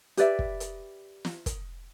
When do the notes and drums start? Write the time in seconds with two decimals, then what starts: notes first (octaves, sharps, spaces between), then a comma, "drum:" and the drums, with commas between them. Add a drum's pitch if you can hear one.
0.17 G4 B4 D5 E5, drum: hi-hat
0.39 drum: kick
0.60 drum: hi-hat
1.25 drum: snare
1.46 drum: kick, hi-hat